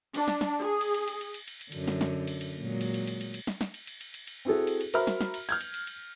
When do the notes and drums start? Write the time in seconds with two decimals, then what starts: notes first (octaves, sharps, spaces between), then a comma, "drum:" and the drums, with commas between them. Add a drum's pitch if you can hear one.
0.14 D4, drum: cymbal
0.28 drum: snare
0.41 drum: snare
0.60 G#4
0.81 drum: cymbal
0.94 drum: cymbal
1.08 drum: cymbal
1.21 drum: cymbal
1.34 drum: cymbal
1.48 drum: cymbal
1.61 drum: cymbal
1.72 F#2 D3, drum: cymbal
1.88 drum: snare
2.01 drum: snare
2.27 drum: cymbal
2.41 drum: cymbal
2.60 A#2 F#3 G#3
2.81 drum: cymbal
2.94 drum: cymbal
3.07 drum: cymbal
3.21 drum: cymbal
3.34 drum: cymbal
3.47 drum: snare
3.61 drum: snare
3.74 drum: cymbal
3.87 drum: cymbal
4.01 drum: cymbal
4.14 drum: cymbal
4.27 drum: cymbal
4.45 C4 E4 F#4 G#4 A4
4.67 drum: cymbal
4.81 drum: cymbal
4.94 F#4 A#4 C5 E5 B5 F6, drum: cymbal
5.07 drum: snare
5.21 drum: snare
5.34 drum: cymbal
5.49 F6 G6 G#6, drum: cymbal
5.61 drum: cymbal
5.74 drum: cymbal
5.87 drum: cymbal